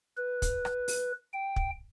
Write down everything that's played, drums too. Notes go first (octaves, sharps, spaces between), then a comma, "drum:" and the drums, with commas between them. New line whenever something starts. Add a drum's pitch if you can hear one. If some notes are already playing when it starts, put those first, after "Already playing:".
B4
drum: kick, hi-hat
drum: rim click
drum: open hi-hat
G5
drum: kick